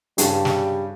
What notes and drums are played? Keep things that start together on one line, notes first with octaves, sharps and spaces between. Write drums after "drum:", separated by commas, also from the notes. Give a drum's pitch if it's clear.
G2 C#3 G3, drum: hi-hat
drum: snare